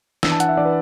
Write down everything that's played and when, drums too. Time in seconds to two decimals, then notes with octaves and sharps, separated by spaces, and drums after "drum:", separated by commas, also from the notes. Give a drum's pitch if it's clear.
0.23 E3 D4 E6, drum: snare
0.32 A5
0.40 F#5, drum: hi-hat
0.49 E5
0.57 E3 D4 D5
0.65 B4